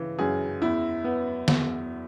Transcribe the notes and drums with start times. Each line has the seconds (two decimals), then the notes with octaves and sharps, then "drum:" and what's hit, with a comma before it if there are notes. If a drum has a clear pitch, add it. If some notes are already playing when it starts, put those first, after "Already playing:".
Already playing: C#3 E3
0.19 F#2 G#4
0.62 E2 E4
1.04 B3
1.48 E2, drum: snare